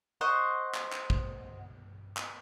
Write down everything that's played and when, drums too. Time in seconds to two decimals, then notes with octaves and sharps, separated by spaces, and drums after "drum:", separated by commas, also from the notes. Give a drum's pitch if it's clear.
0.21 C5 D#5 F#5 C#6
0.74 drum: clap
0.92 drum: clap
1.10 drum: kick
2.17 drum: clap